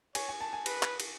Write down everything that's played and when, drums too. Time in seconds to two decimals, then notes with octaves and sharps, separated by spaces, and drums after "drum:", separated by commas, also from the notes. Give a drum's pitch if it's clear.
0.15 C#5 G#5, drum: cymbal
0.29 G#5
0.41 A5
0.53 G#5
0.66 B4, drum: cymbal
0.83 drum: clap
1.00 drum: cymbal